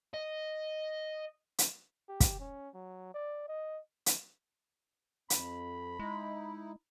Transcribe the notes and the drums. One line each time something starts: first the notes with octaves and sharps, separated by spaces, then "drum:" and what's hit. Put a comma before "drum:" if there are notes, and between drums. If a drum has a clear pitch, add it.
D#5
drum: hi-hat
G4
drum: kick, hi-hat
C#4
F#3
D5
D#5
drum: hi-hat
F2 B5, drum: hi-hat
G#3 D#4 E4